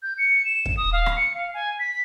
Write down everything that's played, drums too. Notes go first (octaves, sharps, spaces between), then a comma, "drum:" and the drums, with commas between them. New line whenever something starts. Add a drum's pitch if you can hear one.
G6
C#7
E7
drum: kick
D#6
F5
drum: rim click
C#7
F5
G#5
B6